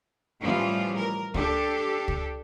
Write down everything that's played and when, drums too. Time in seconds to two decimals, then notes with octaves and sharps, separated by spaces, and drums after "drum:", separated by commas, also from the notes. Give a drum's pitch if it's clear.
0.40 A2 E3 F3 G3 C#4 F4
0.97 A#4
1.34 D4 G4 A4, drum: kick
2.08 drum: kick